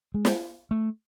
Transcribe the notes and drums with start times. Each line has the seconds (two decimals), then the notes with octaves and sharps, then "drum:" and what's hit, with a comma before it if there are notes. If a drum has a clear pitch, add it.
0.14 G#3
0.25 drum: snare
0.71 A3